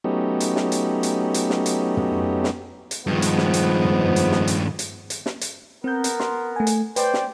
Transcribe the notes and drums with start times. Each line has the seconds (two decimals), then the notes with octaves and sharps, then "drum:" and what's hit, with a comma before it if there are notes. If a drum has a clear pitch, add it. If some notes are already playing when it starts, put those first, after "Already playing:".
0.04 F#3 A3 B3 C#4 D#4 G4
0.40 drum: hi-hat
0.56 drum: snare
0.72 drum: hi-hat
1.03 drum: hi-hat
1.34 drum: hi-hat
1.50 drum: snare
1.66 drum: hi-hat
1.97 drum: tom
2.44 drum: snare
2.91 drum: hi-hat
3.07 G2 D#3 F3 G#3 B3
3.22 drum: hi-hat
3.38 drum: snare
3.54 drum: hi-hat
3.85 drum: tom
4.16 drum: hi-hat
4.32 drum: snare
4.47 drum: hi-hat
4.79 drum: hi-hat
5.10 drum: hi-hat
5.26 drum: snare
5.41 drum: hi-hat
5.84 B3 C4 A#4 G6
6.04 drum: hi-hat
6.20 C6, drum: snare
6.56 A3 G#5
6.67 drum: hi-hat
6.96 B4 C5 D5 G5, drum: hi-hat
7.14 drum: snare